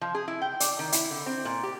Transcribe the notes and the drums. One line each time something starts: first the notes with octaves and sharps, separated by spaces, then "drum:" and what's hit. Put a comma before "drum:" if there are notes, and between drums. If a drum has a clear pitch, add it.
F3
G#4
E4
G5
D5, drum: hi-hat
D#3
E4, drum: hi-hat
D3
C4
A#2
G4